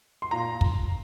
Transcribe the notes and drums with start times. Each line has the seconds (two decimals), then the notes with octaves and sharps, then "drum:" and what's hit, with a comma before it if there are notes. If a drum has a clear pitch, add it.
0.22 C6
0.31 A#2 A#5
0.61 drum: kick